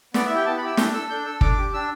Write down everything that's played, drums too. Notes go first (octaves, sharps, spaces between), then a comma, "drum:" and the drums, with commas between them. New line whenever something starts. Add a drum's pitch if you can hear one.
B3 D5, drum: snare
E5
E4
G4 G5
B3 A5
B5
E4 G4 E6
D4 G6, drum: snare
A4 E6
D4 G6
A4 E6
D4 D6, drum: kick
G4
D4 E6